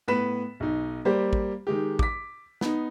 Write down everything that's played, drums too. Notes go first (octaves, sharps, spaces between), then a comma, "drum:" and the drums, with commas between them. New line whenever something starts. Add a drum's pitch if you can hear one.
A2 B3 B4 B6 E7
B1 D#4
G3 A#3 G4 C5
drum: kick
D#3 G#3 G4
D6 B6, drum: kick
B3 D#4, drum: snare